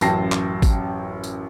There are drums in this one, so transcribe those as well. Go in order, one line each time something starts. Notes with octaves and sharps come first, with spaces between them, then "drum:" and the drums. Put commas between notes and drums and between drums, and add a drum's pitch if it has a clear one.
A1 F#2 G5 A5 A#6 C7, drum: tambourine
drum: clap
drum: kick, tambourine
drum: tambourine